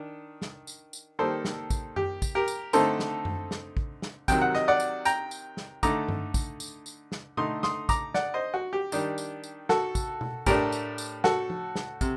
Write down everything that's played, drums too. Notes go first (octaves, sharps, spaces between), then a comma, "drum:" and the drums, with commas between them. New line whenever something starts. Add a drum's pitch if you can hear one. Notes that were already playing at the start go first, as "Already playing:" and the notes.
Already playing: D#3 D4
drum: snare
drum: tambourine
drum: tambourine
D#3 G3 A#3 D#4 A4 C5
drum: snare
drum: kick, tambourine
G4, drum: tom F#2
drum: kick, tambourine
G4 A#4
drum: tambourine
D3 A3 C4 D#4 A4 C5, drum: tambourine
drum: snare
drum: tom F#2
drum: snare
drum: kick
drum: snare
C3 D#3 F#3 G5, drum: kick, tambourine
F#5
D#5, drum: snare
D5 F#5
drum: tambourine
G5 A#5, drum: tambourine
drum: tambourine
drum: snare
D3 A3 D#4 A#5 D6, drum: kick, tambourine
drum: tom G2
drum: kick, tambourine
drum: tambourine
drum: tambourine
drum: snare
D3 A3 D#4 C6 D#6, drum: tom B2
C6 D#6, drum: snare
A#5 D6, drum: kick, tambourine
D5 F#5, drum: snare
C5 D#5
F#4
G4
D#3 G3 D4, drum: tambourine
drum: tambourine
drum: tambourine
F#4 A4, drum: snare
drum: kick, tambourine
drum: tom B2
A2 A3 D4 G4 A#4, drum: kick, tambourine
drum: tambourine
drum: tambourine
F#4 A4, drum: snare
drum: tom F3
drum: snare
C3, drum: kick, tambourine